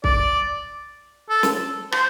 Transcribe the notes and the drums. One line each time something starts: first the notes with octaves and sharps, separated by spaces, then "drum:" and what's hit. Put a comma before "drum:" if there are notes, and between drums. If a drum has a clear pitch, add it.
D5, drum: kick C2
A4
drum: snare
C5, drum: rim click